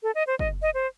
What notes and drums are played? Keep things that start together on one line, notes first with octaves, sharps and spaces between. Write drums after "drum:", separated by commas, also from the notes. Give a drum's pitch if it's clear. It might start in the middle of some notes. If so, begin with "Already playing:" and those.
A4
D#5
C5
D#5, drum: kick
D#5
C5